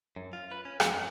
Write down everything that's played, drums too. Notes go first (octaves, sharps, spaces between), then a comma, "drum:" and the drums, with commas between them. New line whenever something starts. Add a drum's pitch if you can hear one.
F#2
F4
B4
C#4
F2, drum: rim click
F#2